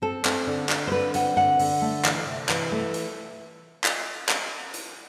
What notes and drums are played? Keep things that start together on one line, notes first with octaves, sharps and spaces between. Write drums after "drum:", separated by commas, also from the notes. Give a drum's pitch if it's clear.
C4 A4
C4, drum: clap
D3
C4, drum: clap
C5
D3 B4
C4 F#5, drum: hi-hat
D3 F#5
D3, drum: open hi-hat
A3
E3, drum: clap
C3
E3, drum: clap
A3
drum: hi-hat
drum: clap
drum: clap
drum: hi-hat